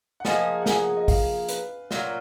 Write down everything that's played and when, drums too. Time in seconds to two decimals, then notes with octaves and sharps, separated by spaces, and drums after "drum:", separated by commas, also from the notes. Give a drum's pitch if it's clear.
0.20 F#5
0.25 F3 A#3 D#4 G#4 G#5, drum: snare
0.62 F#5
0.66 G#5, drum: snare
0.76 F#5
0.97 D#5
1.08 F5, drum: kick, open hi-hat
1.48 B4, drum: hi-hat
1.91 A#2 F#3 A#3 F4, drum: snare